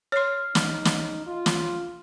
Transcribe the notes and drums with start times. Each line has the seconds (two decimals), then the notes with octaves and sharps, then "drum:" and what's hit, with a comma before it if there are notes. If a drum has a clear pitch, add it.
0.12 C#5 C6 F6 C7
0.55 D#4, drum: snare
0.85 drum: snare
1.27 F4
1.46 drum: snare